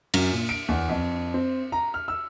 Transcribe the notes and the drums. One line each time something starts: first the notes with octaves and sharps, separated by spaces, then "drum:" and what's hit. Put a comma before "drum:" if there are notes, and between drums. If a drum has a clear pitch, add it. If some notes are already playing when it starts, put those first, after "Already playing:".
F#2, drum: cymbal
A#2
D7
E2
F2
C4
A#5
F6
E6